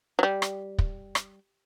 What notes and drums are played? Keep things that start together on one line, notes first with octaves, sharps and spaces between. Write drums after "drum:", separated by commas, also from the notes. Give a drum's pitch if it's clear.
F#3
G3
drum: rim click
drum: kick
drum: rim click